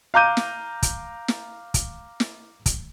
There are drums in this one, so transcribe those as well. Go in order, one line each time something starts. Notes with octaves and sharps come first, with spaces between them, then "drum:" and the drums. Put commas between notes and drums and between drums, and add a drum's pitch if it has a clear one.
F5 A#5 D6 G6 D#7
drum: snare
drum: kick, hi-hat
drum: snare
drum: kick, hi-hat
drum: snare
drum: kick, hi-hat